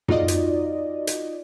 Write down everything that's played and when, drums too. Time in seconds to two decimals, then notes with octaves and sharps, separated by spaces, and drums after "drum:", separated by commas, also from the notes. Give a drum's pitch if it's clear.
0.08 D#4 F4 F#4 D5 D#5, drum: tom
0.28 drum: hi-hat
1.07 drum: hi-hat